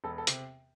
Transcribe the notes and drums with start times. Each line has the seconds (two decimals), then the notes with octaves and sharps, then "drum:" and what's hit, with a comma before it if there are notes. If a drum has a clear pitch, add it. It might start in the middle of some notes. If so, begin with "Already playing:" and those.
0.04 E1 A4
0.18 A4
0.27 C3, drum: hi-hat